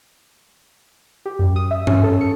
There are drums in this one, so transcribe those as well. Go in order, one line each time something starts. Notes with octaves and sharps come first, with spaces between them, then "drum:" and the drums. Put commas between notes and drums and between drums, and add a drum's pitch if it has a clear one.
G4
F#2
D#6
E5
C#4, drum: tom G2
A4
C#7